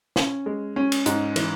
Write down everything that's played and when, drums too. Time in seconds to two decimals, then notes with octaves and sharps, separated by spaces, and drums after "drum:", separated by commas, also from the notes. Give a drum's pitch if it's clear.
0.16 C#4, drum: snare
0.46 G#3
0.76 C#4
0.92 drum: cymbal
1.06 G#2, drum: hi-hat
1.36 E3, drum: cymbal